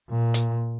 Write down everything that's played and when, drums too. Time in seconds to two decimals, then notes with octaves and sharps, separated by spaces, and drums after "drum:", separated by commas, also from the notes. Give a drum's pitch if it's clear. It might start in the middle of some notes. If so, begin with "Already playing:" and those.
0.10 A#2
0.34 drum: hi-hat